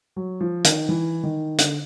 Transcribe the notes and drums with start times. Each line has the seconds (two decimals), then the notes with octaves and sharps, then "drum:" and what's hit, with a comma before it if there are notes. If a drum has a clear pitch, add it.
0.16 F#3
0.41 F3
0.64 D#3, drum: hi-hat
0.89 E3
1.23 D#3
1.58 D3, drum: hi-hat